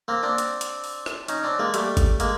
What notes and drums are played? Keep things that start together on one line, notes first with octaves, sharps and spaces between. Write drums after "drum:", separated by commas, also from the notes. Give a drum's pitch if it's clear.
A#3 C4
C4 D4
drum: hi-hat
drum: hi-hat
drum: open hi-hat
drum: rim click
C#4 D#4, drum: hi-hat
C4 D4
G#3 A#3
G3 A3, drum: hi-hat
drum: kick G#1, hi-hat
G#3 A#3, drum: hi-hat